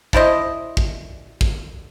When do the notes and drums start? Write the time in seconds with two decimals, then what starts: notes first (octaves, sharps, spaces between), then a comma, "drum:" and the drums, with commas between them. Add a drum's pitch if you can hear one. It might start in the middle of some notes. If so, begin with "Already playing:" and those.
0.13 D4 E4 C5 D#5, drum: kick
0.77 drum: kick
1.41 drum: kick